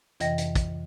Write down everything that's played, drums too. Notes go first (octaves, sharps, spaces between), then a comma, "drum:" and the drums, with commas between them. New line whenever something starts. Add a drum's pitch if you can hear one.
F2 C3 E3 D#5 G5 A#6, drum: hi-hat
drum: hi-hat
drum: kick, hi-hat